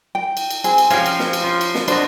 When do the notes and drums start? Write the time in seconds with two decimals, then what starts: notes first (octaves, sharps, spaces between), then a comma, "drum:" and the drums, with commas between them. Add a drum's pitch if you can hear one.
0.15 G5
0.37 drum: cymbal
0.51 drum: cymbal
0.64 C4 G#4, drum: cymbal
0.78 drum: cymbal
0.91 F3 C#4 G4 C5 F5 G#5, drum: cymbal
1.06 drum: cymbal
1.19 drum: snare
1.33 drum: cymbal
1.44 F4
1.61 drum: cymbal
1.75 drum: snare
1.88 D4 F#4 C5 D#5, drum: cymbal